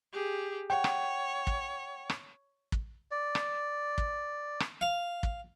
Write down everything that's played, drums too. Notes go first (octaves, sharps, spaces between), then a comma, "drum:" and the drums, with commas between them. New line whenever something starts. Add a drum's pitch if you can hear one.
G4 G#4
C#5 F#5 G5
drum: rim click
drum: kick
drum: rim click
drum: kick
D5
drum: rim click
drum: kick
drum: rim click
F5
drum: kick